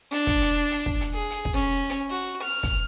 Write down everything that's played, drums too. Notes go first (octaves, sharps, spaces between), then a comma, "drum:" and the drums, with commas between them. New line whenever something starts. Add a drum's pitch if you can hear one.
D4, drum: hi-hat
drum: kick, hi-hat
drum: hi-hat
drum: hi-hat
drum: kick
drum: hi-hat
G#4
drum: hi-hat
drum: kick
C#4
drum: hi-hat
F#4
F6
drum: kick, hi-hat